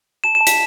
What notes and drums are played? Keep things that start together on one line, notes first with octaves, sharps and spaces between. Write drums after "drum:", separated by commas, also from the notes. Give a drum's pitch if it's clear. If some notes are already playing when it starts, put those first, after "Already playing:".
A5 E7
E7
A5
B6, drum: hi-hat